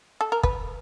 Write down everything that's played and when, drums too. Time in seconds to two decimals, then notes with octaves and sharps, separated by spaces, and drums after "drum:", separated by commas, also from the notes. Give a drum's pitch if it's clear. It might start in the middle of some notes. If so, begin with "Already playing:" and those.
0.21 A4
0.32 A#4
0.43 B4, drum: kick